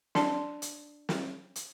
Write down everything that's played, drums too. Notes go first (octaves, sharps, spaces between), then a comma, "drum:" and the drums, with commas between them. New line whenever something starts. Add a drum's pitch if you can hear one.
D4 D5 A5, drum: snare
drum: hi-hat
drum: snare
drum: hi-hat